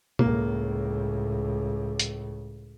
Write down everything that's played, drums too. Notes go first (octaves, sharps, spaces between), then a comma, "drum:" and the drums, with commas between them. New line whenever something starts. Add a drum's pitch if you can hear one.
C#2 A2 A#3, drum: tom B2
drum: hi-hat